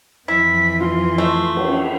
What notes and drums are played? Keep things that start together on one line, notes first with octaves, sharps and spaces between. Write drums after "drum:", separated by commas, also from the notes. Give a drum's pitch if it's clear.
F2 E3 E4 B6
F4 C6
A3
drum: cymbal